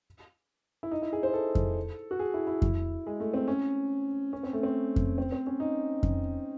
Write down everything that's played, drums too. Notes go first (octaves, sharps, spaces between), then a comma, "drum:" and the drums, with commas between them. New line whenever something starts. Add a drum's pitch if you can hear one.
E4
D#4
E4
G#4
C5
A4
drum: kick F2
F#4
G#4
E4
E4
drum: kick F2
G#3
A3
C4
C#4
C#4
C4
A3
C4
drum: kick F2
C4
C4
C#4
D#4
drum: kick F2